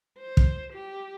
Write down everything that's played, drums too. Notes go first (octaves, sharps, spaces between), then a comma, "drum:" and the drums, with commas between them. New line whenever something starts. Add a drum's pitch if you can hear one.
C5
drum: kick
G4